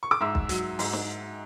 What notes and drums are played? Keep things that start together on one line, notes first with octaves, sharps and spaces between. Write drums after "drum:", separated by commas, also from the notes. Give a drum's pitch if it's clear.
C#6
D6
G#2 E5 E6
drum: kick
F#3, drum: hi-hat
G#2, drum: open hi-hat
drum: snare